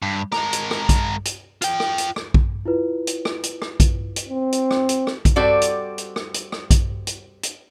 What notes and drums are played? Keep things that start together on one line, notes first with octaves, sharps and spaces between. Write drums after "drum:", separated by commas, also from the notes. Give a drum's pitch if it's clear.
G2
G#3 A#4, drum: rim click
drum: hi-hat
drum: rim click
drum: kick A#1, hi-hat
drum: hi-hat
F4 G5, drum: hi-hat
drum: rim click
drum: hi-hat
drum: rim click
drum: kick A#1
E4 F4 B4
drum: hi-hat
drum: rim click
drum: hi-hat
drum: rim click
drum: kick A#1, hi-hat
drum: hi-hat
C4
drum: hi-hat
drum: rim click
drum: hi-hat
drum: rim click
drum: kick A#1, hi-hat
G3 C4 F#4 A4 D5
drum: hi-hat
drum: hi-hat
drum: rim click
drum: hi-hat
drum: rim click
drum: kick A#1, hi-hat
drum: hi-hat
drum: hi-hat